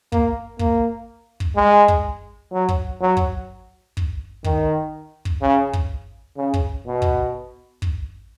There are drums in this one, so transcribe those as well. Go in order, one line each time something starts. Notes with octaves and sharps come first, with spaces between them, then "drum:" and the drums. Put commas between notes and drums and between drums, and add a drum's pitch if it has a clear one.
A#3, drum: kick
A#3, drum: kick
drum: kick
G#3
drum: kick
F#3
drum: kick
F#3
drum: kick
drum: kick
D#3, drum: kick
drum: kick
C#3
drum: kick
C#3
drum: kick
B2
drum: kick
drum: kick